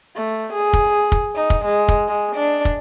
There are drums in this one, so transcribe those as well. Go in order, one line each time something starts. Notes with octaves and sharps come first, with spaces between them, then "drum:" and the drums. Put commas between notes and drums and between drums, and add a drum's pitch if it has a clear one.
A3
G#4
drum: kick
drum: kick
D#4
drum: kick
G#3
drum: kick
G#3
D4
drum: kick